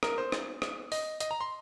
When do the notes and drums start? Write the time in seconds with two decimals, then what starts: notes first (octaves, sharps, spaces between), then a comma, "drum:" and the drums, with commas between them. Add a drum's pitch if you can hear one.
0.03 A#4, drum: rim click
0.18 C5
0.32 drum: rim click
0.62 drum: rim click
0.92 D#5, drum: open hi-hat
1.20 D#5, drum: hi-hat
1.31 A#5
1.41 C6